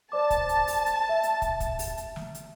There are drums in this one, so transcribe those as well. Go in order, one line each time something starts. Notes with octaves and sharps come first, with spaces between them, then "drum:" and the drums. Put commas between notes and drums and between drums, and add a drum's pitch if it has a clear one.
C5 D5 A5 D6
drum: kick, hi-hat
drum: hi-hat
drum: open hi-hat
drum: hi-hat
E5
drum: hi-hat
drum: kick, hi-hat
drum: kick, hi-hat
drum: open hi-hat
drum: hi-hat
drum: snare
drum: hi-hat